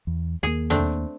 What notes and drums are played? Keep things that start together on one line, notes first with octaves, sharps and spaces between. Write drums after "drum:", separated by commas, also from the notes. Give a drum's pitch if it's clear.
E2
D#2 A#3 G#4
A3 C4 D4, drum: tom